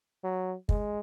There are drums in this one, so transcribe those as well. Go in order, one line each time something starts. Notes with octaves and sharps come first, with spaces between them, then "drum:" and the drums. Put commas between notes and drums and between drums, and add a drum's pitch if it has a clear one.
F#3
G#3, drum: kick